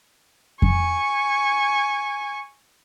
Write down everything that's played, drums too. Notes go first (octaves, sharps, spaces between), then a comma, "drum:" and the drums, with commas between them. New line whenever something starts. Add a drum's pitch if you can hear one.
G#5 C#6, drum: kick F2